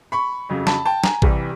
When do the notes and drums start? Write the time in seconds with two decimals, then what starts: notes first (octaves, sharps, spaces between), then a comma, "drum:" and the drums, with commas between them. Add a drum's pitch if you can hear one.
0.12 B5 C#6
0.49 F2 C#3 F#3
0.67 A5 B5, drum: snare
0.85 G5 A5
1.04 G#5 A#5, drum: snare
1.22 C2 C3 E3 G3, drum: kick